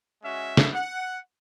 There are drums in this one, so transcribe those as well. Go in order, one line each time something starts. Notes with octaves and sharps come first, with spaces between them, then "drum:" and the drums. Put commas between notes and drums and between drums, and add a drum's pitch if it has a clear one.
G#3 C#4 F#4 E5
drum: snare
F#5